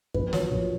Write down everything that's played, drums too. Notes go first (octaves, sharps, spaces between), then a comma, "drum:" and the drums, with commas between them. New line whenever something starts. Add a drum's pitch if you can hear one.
A#1 B4, drum: kick F#2
F#3 C#5, drum: snare
A#1